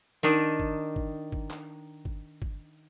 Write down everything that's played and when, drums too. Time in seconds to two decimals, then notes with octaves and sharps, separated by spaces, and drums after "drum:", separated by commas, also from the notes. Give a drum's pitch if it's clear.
0.23 D#3 D4 D#4
0.60 drum: kick G1
0.96 drum: kick G1
1.32 drum: kick G1
1.51 drum: clap
2.05 drum: kick G1
2.42 drum: kick G1